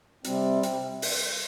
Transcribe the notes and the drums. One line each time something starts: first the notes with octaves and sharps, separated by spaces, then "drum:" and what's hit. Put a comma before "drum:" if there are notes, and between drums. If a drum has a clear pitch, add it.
C3 G3 C4, drum: hi-hat
drum: hi-hat
drum: open hi-hat